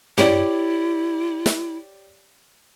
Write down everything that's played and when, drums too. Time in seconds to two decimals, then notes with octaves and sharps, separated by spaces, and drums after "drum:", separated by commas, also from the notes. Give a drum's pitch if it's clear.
0.18 E4 G4 C#5 D5, drum: tom
1.46 drum: snare